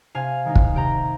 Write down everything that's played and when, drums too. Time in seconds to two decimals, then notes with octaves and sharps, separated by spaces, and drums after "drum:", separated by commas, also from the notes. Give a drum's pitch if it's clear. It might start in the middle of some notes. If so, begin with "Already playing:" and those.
0.15 C3 F5 G#5
0.45 D#3 G#3 D#4
0.55 drum: kick
0.74 C3 G5 A#5